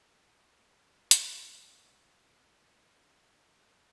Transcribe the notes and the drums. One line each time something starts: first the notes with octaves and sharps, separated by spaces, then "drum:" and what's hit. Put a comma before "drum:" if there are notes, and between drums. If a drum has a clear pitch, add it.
B3
B3
G3
A3
E3
F#3
drum: hi-hat
A3
G3
A3
G3
A3
G3
G3
F#3
G3
F#3
E3
F#3
G3
E3
D3
C#3
A2